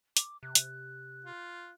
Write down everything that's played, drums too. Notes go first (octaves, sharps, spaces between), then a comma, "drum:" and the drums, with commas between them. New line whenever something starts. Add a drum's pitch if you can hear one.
D6, drum: hi-hat
C3 F#6
drum: hi-hat
F4